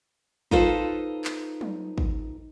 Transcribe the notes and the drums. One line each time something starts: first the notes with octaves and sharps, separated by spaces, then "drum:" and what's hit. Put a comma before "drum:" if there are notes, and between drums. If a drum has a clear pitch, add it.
D#4 F4 A4 B4 C5, drum: kick
drum: clap
drum: tom F#3
drum: kick